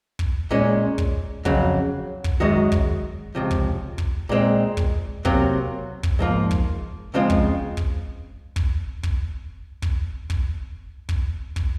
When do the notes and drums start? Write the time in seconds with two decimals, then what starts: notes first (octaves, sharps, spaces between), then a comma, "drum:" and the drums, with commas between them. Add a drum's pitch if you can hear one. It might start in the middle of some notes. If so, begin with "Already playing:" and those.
0.19 drum: kick
0.51 A#2 G#3 C#4
0.98 drum: kick
1.45 F2 C#3 F#3, drum: kick
2.24 drum: kick
2.40 F#2 D#3 G#3 D#4 F#4
2.72 drum: kick
3.35 C#2 C3 F3
3.51 drum: kick
3.98 drum: kick
4.29 A#2 G#3 C4
4.77 drum: kick
5.25 C3 F#3 A#3, drum: kick
6.03 drum: kick
6.19 G#2 F3 A#3 F4
6.51 drum: kick
7.14 C#3 F3 G#3 C4 F4
7.30 drum: kick
7.77 drum: kick
8.56 drum: kick
9.03 drum: kick
9.82 drum: kick
10.30 drum: kick
11.09 drum: kick
11.56 drum: kick